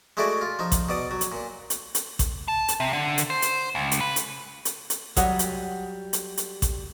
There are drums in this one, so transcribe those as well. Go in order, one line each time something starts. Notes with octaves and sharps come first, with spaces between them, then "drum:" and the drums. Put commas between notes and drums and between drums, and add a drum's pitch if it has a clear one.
G#3 A3 E4 F#4 D5
F4
F3 D#4
drum: kick A1, hi-hat
B2 D5 D#6
F#3
drum: hi-hat
A#2
drum: hi-hat
drum: hi-hat
drum: kick A1, hi-hat
A5
drum: hi-hat
C3
D3
drum: hi-hat
C5
drum: hi-hat
C#2
drum: hi-hat
B4
drum: hi-hat
drum: hi-hat
drum: hi-hat
F#3 G3 C#5 D#5 F#5, drum: kick A1, hi-hat
drum: hi-hat
drum: hi-hat
drum: hi-hat
drum: kick A1, hi-hat